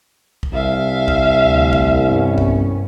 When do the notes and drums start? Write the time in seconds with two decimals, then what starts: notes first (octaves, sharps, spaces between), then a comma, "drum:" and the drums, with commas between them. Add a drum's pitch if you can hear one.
0.43 drum: kick
0.53 C2 E5 F5
1.08 drum: kick
1.40 D2
1.73 drum: kick
2.02 G2 B3 C#4
2.38 drum: kick